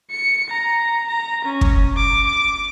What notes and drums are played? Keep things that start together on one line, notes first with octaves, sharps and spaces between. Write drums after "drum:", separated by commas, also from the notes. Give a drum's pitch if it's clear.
C#7
A#5
A#5
C#4
drum: kick
D6
D6